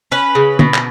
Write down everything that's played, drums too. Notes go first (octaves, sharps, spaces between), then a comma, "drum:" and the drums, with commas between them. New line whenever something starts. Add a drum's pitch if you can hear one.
C#4 B4
C#3
B2, drum: tom
drum: clap